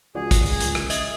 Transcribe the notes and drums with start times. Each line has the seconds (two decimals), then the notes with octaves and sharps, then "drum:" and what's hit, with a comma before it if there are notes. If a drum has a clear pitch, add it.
0.15 C#2 F3 F#4 G#4 D5
0.31 drum: kick, hi-hat
0.46 drum: open hi-hat
0.60 drum: hi-hat
0.75 drum: rim click
0.90 D#5 E5 D#6, drum: hi-hat